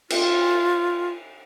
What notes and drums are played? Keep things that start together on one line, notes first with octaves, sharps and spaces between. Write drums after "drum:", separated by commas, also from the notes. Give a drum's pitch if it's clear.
F4, drum: cymbal